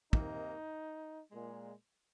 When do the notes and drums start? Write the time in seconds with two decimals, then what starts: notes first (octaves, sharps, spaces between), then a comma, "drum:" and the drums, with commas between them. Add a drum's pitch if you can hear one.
0.13 C3 D#3 A#3 D#4, drum: kick
1.31 A#2 G#3